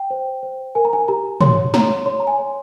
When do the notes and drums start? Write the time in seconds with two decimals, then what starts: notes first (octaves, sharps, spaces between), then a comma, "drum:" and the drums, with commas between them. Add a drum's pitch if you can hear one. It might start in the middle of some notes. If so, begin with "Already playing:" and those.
Already playing: G5
0.10 C5
0.43 C5
0.75 A#4 G#5
0.85 A#5
0.93 G#5
1.08 G4 A#5
1.41 C#5 C6, drum: tom
1.74 C#5 A#5, drum: snare
2.06 C#5 C6
2.20 A#5
2.27 G#5
2.38 C#5